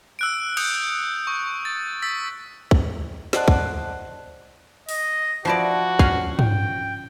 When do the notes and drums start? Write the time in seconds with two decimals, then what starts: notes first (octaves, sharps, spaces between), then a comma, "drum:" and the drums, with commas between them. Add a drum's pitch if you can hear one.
0.19 E6 F#6 D7
0.57 D#6 G6 C#7, drum: cymbal
1.27 C#6
1.65 A6
2.02 E6 A6 B6
2.71 drum: kick
3.33 C5 D5 D#5 F#5 A5 F#6, drum: snare
3.48 drum: kick
4.89 D#5, drum: open hi-hat
5.45 F3 E4 F#4 D5
5.99 C#4 F5 G#5, drum: kick
6.39 G5, drum: tom